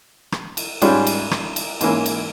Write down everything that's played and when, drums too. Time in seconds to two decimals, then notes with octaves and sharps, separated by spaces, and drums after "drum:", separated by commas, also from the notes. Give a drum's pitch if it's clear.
0.32 drum: rim click
0.57 drum: cymbal
0.82 G#2 G3 C#4 F4 G#4, drum: cymbal
1.07 drum: cymbal
1.31 drum: rim click
1.56 drum: cymbal
1.81 G#2 E3 A#3 C#4 E4, drum: cymbal
2.06 drum: cymbal